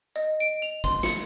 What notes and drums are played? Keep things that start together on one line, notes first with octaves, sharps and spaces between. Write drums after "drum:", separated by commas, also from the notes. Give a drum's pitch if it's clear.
D#5
D7
F7
C6, drum: kick A1
C#7, drum: snare